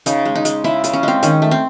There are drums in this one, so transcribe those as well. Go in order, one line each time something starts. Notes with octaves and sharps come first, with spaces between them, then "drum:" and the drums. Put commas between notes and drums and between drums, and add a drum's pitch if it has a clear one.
C#3 D#4, drum: hi-hat
G#3
D#4
G#3, drum: hi-hat
C#3 E4
C#3, drum: hi-hat
C#4
G#3 C4
D#3 C#4, drum: hi-hat
A3
C4